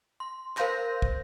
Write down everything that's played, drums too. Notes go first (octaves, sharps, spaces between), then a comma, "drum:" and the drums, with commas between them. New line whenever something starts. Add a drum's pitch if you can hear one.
C6
A#4 C5 F5 C6 G6 A#6, drum: clap
drum: kick